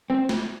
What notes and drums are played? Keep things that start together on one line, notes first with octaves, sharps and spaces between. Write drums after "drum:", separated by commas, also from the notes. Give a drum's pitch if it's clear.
C4
drum: snare